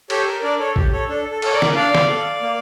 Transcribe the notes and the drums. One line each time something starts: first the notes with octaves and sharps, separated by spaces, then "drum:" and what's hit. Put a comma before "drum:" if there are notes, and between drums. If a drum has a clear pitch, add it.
G4 A4 C#5, drum: cymbal
A#4
D4 A#4 D5
A4 C#5
G4, drum: kick
A4 C#5
D4 A4
A4
A4 C#5, drum: cymbal
A#4 D5
drum: snare
D4 D5 F5
drum: snare
A4
A#3